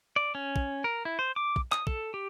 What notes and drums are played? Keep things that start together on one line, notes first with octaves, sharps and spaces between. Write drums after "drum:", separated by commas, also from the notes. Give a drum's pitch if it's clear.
D5
C#4
drum: kick
A#4
E4
C5
D6
drum: kick
D#6, drum: clap
A4, drum: kick
G4